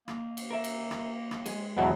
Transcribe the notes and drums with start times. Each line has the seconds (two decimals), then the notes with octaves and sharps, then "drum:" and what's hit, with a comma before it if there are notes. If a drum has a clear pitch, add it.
0.08 A#3, drum: rim click
0.37 drum: cymbal
0.51 A#4 E5
0.64 drum: cymbal
0.91 drum: rim click
1.31 drum: rim click
1.46 G#3 G#4, drum: cymbal
1.77 E2 B2 F#3